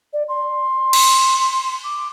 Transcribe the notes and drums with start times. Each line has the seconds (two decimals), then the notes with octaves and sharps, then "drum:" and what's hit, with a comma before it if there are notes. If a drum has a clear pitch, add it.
0.13 D5
0.28 C6
0.93 drum: cymbal
1.38 C6
1.84 D6